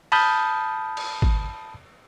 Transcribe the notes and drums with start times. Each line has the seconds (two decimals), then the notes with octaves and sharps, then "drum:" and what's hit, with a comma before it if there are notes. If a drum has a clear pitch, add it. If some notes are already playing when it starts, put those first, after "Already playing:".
0.12 A5 B5 D#6 F6 G6, drum: cymbal
0.97 drum: cymbal
1.22 drum: kick